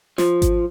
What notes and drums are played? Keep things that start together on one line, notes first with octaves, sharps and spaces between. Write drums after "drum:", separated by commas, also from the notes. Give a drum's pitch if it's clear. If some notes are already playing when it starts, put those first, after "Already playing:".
F3, drum: snare
drum: kick G#1, hi-hat